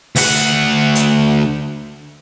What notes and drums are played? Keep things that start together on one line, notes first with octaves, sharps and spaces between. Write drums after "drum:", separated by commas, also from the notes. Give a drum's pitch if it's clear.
D2 F#5, drum: open hi-hat
drum: hi-hat